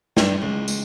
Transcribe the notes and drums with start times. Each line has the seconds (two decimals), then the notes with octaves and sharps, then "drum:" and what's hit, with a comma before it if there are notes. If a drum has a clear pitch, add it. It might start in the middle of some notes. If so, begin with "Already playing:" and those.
0.17 G2, drum: snare
0.42 C#2
0.68 drum: tambourine